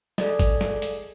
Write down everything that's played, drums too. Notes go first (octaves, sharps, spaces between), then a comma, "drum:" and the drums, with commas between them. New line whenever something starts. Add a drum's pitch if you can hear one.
G#4 A4 D5 D#5, drum: snare
drum: kick G#1, hi-hat
drum: snare
drum: hi-hat